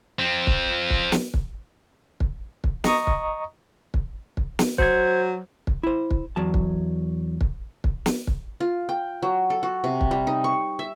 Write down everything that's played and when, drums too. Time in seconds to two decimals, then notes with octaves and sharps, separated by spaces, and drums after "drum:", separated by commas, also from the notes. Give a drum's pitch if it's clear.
0.19 F3 C4
0.47 drum: kick
0.90 drum: kick
1.12 drum: snare
1.34 drum: kick
2.20 drum: kick
2.64 drum: kick
2.84 D#5 A#5 C#6 D#6, drum: snare
3.07 drum: kick
3.94 drum: kick
4.37 drum: kick
4.59 drum: snare
4.78 F#3 C5 G#6, drum: kick
5.67 drum: kick
5.83 E4 C5
6.11 drum: kick
6.36 E2 F#3 A5
6.54 drum: kick
7.41 drum: kick
7.84 drum: kick
8.06 drum: snare
8.27 drum: kick
8.60 F4
8.89 G5
9.22 F#3
9.50 A4
9.63 F#4
9.84 C3
10.01 drum: kick
10.11 G3
10.27 D#4
10.44 C#6
10.79 E5